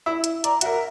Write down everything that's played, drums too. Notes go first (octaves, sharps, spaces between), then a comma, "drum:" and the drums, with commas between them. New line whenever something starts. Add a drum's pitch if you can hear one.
E4 E5
drum: hi-hat
D5 A#5, drum: hi-hat
F#4 A#4 E5, drum: hi-hat